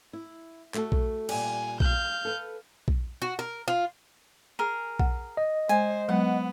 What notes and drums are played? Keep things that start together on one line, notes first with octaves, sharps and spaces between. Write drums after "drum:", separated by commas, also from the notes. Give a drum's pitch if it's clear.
E4
A3 F#4 A4, drum: clap
drum: kick A#1
A#2 G3 G#5, drum: cymbal
F5 G6, drum: kick A#1
A4 B4
drum: kick A#1
F#4
A#4
F4
G#4 A#4 A#5
F#5, drum: kick A#1
D#5
G#3 C5 G#5, drum: hi-hat
F#3 G#3 B3 F#5